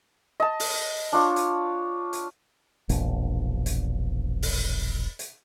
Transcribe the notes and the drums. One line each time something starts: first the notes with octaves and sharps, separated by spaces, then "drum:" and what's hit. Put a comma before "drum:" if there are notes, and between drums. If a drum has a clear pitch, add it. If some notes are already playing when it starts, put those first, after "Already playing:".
D#5 A5
drum: open hi-hat
D4 F4 C#5
drum: hi-hat
drum: hi-hat
E1 A#1, drum: hi-hat
drum: hi-hat
drum: open hi-hat
drum: hi-hat